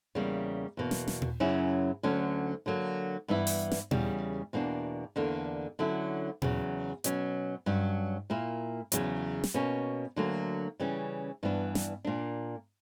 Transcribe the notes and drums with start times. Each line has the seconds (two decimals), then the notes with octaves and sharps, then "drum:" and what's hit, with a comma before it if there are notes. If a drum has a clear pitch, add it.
0.15 E2 C#3 G3 A#3
0.77 E2 B2 A#3
0.91 drum: snare
1.08 drum: snare
1.22 drum: tom A#2
1.40 F#2 C#3 F#3 C#4 E4
2.03 D2 D3 F#3 C#4
2.66 D3 F#3 A#3
3.28 G2 E3 B3 E4
3.47 drum: open hi-hat
3.71 drum: snare
3.91 E2 C#3 G3, drum: tom A#2
4.53 E2 B2 A#3 D4
5.16 E2 D3 A#3 D4
5.79 D3 F#3 C#4 E4
6.42 E2 C#3 F#3, drum: tom A#2
7.04 B2 F#3 C#4, drum: hi-hat
7.66 G2 F#3 C#4
8.30 A#2 A#3 E4
8.92 E2 C#3 F#3, drum: hi-hat
9.44 drum: snare
9.54 B2 A#3 C#4
10.16 D2 D3 F#3 A#3
10.80 C#3 E3 G3 C#4
11.43 G2 E3 B3 D4
11.75 drum: snare
12.05 A#2 A#3 D4